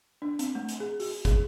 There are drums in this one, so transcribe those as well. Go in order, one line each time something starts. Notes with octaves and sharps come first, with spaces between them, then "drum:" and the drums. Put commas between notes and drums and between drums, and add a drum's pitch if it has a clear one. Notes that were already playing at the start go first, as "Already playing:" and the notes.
D4
C4, drum: hi-hat
A3
drum: hi-hat
G#4
F#4, drum: open hi-hat
G#4, drum: kick, hi-hat